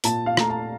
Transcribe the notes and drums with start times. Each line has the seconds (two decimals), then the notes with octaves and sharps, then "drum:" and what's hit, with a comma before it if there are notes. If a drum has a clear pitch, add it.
0.04 A#2 A5, drum: hi-hat
0.26 F5
0.37 A3 A#5, drum: rim click
0.49 A5